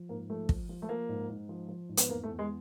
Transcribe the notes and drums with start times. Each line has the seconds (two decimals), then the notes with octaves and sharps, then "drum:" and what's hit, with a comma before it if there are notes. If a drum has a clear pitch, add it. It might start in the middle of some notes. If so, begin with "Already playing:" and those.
Already playing: F3
0.09 G#2 A#3
0.29 F3 A3
0.49 F3, drum: kick
0.69 F3
0.82 A3
0.89 F3 A#3
1.09 G#2
1.29 G#2
1.49 F3
1.68 F3
1.89 G#2
1.97 B3, drum: hi-hat
2.09 E2 A#3
2.23 A3
2.29 E2
2.39 G#3